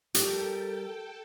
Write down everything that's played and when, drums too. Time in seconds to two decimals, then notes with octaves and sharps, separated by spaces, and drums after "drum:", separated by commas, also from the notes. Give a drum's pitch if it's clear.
0.14 G3 A4 A#4 G5, drum: hi-hat